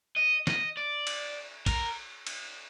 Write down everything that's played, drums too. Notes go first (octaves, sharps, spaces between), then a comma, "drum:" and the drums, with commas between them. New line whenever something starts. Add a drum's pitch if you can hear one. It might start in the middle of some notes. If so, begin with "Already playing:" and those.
D#5
D#5, drum: snare
D5
drum: cymbal
A#4, drum: kick, cymbal
drum: cymbal